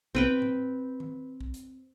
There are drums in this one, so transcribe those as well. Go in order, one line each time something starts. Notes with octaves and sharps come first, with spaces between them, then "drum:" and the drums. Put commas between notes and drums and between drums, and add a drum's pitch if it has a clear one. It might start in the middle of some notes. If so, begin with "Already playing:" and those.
C4 B4 G5, drum: kick B1
drum: tom A2
drum: tom D#3
drum: kick B1
drum: hi-hat